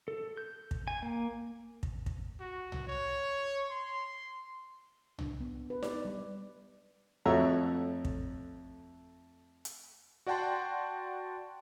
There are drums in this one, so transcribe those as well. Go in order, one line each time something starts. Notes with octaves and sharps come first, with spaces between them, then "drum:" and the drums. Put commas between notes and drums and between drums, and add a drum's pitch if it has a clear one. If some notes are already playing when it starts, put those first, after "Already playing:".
A4
G6
drum: kick
G#5
A#3
drum: kick
drum: kick
F#4
drum: tom
C#5
C6
D4, drum: tom
B3
B4
D5, drum: snare D#4
G3
F2 A3 F#4 C#5 E5 A#5
drum: kick
drum: hi-hat
F#4 D5 F#5 G5 A5 C6